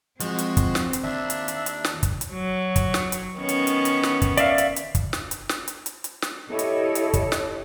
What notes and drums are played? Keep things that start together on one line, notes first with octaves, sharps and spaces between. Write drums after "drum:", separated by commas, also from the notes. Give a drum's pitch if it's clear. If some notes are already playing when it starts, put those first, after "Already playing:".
F3 G#3 C4 F#4, drum: hi-hat
drum: hi-hat
drum: kick, hi-hat
drum: snare
drum: hi-hat
D#2 D4 E5
drum: hi-hat
drum: hi-hat
drum: hi-hat
drum: snare
drum: kick, hi-hat
drum: hi-hat
F#3
drum: kick, hi-hat
drum: snare
drum: hi-hat
D#3 B3 C#4
drum: hi-hat
drum: hi-hat
drum: hi-hat
drum: snare
drum: kick, hi-hat
D5 E5 F5, drum: hi-hat
drum: hi-hat
drum: hi-hat
drum: kick, hi-hat
drum: snare
drum: hi-hat
drum: snare
drum: hi-hat
drum: hi-hat
drum: hi-hat
drum: snare
E4 G4 A4 C#5 D#5
drum: hi-hat
drum: hi-hat
drum: kick, hi-hat
drum: snare